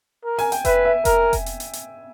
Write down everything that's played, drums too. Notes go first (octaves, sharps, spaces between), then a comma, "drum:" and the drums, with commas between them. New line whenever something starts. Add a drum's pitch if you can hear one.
A#4
G#5, drum: open hi-hat
G5, drum: hi-hat
B4 E5, drum: kick F1, hi-hat
E5
A#4, drum: kick F1, hi-hat
drum: kick F1, hi-hat
drum: hi-hat
drum: hi-hat
drum: hi-hat